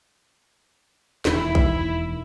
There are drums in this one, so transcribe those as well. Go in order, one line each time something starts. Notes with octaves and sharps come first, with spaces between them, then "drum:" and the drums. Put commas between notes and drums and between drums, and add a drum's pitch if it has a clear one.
E1 D#2 D#3 E4, drum: snare
drum: kick